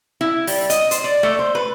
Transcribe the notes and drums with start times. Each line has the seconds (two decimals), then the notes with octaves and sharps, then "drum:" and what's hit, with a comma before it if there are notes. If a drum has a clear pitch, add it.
0.21 E4
0.47 G3, drum: open hi-hat
0.70 D#5, drum: hi-hat
0.91 C5, drum: hi-hat
1.04 D5
1.23 A3
1.39 C5
1.55 B4